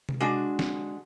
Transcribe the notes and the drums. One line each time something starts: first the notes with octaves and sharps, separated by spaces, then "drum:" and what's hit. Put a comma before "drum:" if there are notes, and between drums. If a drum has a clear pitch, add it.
drum: tom C3
G#3 D4 F#4
drum: snare